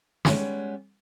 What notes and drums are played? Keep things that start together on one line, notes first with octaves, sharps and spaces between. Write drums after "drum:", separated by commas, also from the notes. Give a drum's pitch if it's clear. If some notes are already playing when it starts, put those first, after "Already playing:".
G3 G#3 B3 C#4, drum: snare